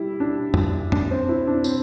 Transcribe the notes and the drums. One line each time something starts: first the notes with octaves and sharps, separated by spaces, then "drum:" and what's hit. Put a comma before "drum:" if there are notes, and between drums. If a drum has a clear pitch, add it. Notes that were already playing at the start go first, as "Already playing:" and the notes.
Already playing: G3 E4
D4
drum: tom F2
D4, drum: tom F2
C4
E4
D4
C4, drum: tambourine